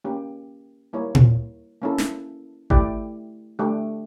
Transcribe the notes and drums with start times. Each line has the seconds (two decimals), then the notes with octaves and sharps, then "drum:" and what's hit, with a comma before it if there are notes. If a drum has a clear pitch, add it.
0.04 A#3 C#4 G4
0.93 G3 A#3 E4 A#4 C#5
1.15 drum: tom A#2
1.82 A#3 C#4 E4 A4
1.98 drum: snare
2.70 A3 E4 G4 D5 G5, drum: kick G#1
3.59 A3 D4 G4